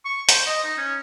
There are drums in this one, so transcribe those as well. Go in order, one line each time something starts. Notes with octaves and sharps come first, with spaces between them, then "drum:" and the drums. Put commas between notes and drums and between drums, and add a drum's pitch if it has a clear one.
C#6
C5, drum: hi-hat
D#5
D#4
C#4